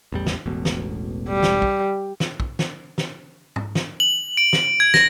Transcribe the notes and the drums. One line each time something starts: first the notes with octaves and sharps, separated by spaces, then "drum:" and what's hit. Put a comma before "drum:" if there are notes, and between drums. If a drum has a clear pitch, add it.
A1 E2 G3
drum: snare
E1 A1 B2
drum: snare
G3
drum: snare
drum: kick
drum: snare
drum: kick
drum: snare
drum: snare
drum: tom
drum: snare
F#7
D7
drum: snare
G#6
A#6, drum: snare